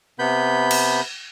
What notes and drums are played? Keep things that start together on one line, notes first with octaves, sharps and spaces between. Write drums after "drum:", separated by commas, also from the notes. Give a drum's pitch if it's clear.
C3 B3 B5 G6
drum: cymbal